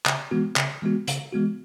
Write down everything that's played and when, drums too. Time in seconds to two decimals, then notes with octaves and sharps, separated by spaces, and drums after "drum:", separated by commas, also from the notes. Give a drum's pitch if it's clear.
0.06 C#3, drum: clap
0.31 E3 G#3 B3 F#4
0.56 C#3, drum: clap
0.82 E3 G#3 B3 F#4
1.08 C#3, drum: hi-hat
1.32 E3 G#3 B3 F#4